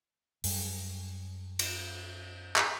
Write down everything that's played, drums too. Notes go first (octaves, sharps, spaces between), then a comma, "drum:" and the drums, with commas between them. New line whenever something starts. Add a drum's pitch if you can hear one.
F#2 G3, drum: open hi-hat
drum: cymbal
drum: clap